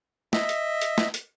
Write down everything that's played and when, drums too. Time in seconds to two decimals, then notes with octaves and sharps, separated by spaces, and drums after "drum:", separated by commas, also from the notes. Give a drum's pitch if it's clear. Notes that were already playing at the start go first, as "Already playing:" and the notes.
0.33 D#5 E5, drum: snare
0.49 drum: hi-hat
0.81 drum: hi-hat
0.98 drum: snare
1.14 drum: hi-hat